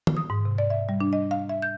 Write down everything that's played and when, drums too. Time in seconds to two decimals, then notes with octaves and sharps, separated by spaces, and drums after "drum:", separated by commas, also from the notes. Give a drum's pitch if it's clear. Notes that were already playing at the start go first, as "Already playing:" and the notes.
0.07 drum: tom D#3
0.17 D#6
0.30 G#2
0.45 C3
0.58 D5
0.70 E5
0.89 G3
1.01 D4
1.13 D#5
1.31 F5
1.49 E5
1.62 G6